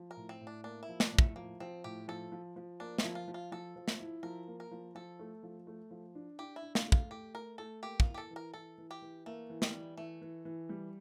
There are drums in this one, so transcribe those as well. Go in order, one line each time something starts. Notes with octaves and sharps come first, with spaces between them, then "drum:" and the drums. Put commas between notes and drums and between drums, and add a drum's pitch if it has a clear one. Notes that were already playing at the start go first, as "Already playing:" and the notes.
Already playing: F3
A#4
A2
C4
A2
D4
A#3 D4
E4
F3
D4, drum: snare
A2
A3, drum: kick
F3 A#3
F3 C4
A2 G4
F3 A4
F3
F3
A#3 D4
E4, drum: snare
F3
F4
F3
F4
F3 A4
F3
drum: snare
E4
F3 A#4
A#3
A#4
F3
F3 A4
A3
F3
A3
F3
D4
D4 G4
E4
D4
F4, drum: snare
A3
F4, drum: kick
A3 G4
A3 A#4
A3 A4
A#3 G4
F4, drum: kick
E4
G4
A4
E3
A#4
E3 A4
E3
G4
E3
A3 A#3
E3
G3, drum: snare
E3
E3 A3
E3
E3
G3